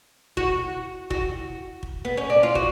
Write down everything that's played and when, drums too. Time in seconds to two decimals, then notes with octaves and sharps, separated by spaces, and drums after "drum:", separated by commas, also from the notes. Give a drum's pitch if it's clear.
0.37 F#4, drum: kick
1.10 F#4, drum: kick
1.83 drum: kick
2.05 B3
2.17 C#4
2.30 D4
2.43 F4
2.55 F#4, drum: kick